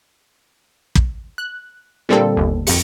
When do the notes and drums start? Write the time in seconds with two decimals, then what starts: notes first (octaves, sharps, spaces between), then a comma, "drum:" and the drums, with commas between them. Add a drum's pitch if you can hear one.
0.95 drum: kick
1.38 F#6
2.09 A#2 D3 G3 A#3 C4 A4
2.37 G1 D#2
2.67 F2 C#7, drum: open hi-hat